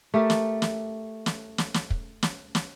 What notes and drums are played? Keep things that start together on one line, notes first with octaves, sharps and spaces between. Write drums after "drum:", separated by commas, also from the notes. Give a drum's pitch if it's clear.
A3 G4 A4 A#4
drum: snare
drum: snare
drum: snare
drum: snare
drum: snare
drum: kick
drum: snare
drum: snare